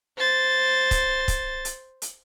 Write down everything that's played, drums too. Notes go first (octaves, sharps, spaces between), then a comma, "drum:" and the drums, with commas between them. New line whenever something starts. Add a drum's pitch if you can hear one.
C5 A6
drum: kick, hi-hat
drum: kick, hi-hat
drum: hi-hat
drum: hi-hat